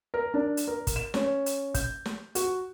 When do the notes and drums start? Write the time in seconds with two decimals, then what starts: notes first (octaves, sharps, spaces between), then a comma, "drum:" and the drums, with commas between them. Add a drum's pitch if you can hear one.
0.14 A#4
0.34 D4
0.57 drum: hi-hat
0.68 A#4
0.87 drum: kick, hi-hat
0.96 E7
1.14 C#4, drum: snare
1.46 drum: hi-hat
1.74 G6, drum: kick, hi-hat
2.06 drum: snare
2.35 F#4, drum: hi-hat